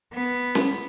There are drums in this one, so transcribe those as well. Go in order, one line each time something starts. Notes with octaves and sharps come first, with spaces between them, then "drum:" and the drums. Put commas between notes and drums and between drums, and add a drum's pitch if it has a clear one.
B3
drum: snare